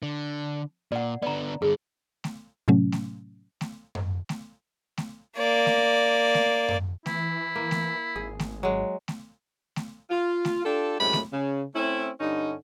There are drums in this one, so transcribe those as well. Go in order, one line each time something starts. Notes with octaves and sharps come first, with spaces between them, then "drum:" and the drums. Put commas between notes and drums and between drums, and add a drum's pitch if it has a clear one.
D3
A#2 D5 F#5
D3 B3 D5 A#5
G2 D3 G#4
drum: snare A3
A2 C3 F#3 A3 C#4
drum: snare A3
drum: snare A3
drum: tom F#2
drum: snare A3
drum: snare A3
A#3 D5
drum: snare A3
drum: snare A3
drum: tom F#2
E3 E4, drum: snare A3
A#3
drum: snare A3
G#1 G#4
drum: snare A3
F#3 G#3
drum: snare A3
drum: snare A3
F4
drum: snare A3
D4 F4 G4 A4
F#2 A2 C3 G#3 B5
drum: snare A3
C#3
A3 C4 C#4 E4
G2 D3 C#4 D#4